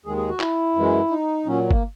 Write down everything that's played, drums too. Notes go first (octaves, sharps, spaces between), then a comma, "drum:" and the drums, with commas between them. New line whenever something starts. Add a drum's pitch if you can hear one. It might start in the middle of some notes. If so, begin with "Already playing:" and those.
D#2 D#3 G#3 G#4
G#4
F#4
E4, drum: clap
F#2 E3 G#3
D#4
A#2 F#3 C#4
A#3, drum: kick G1